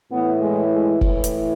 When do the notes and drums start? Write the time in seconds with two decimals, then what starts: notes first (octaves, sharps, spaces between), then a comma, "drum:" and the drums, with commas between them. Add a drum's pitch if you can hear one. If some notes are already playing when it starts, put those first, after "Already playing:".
0.11 A2 E3 B3
0.41 G#3
0.72 G#3
1.01 A2 E3, drum: kick
1.24 drum: hi-hat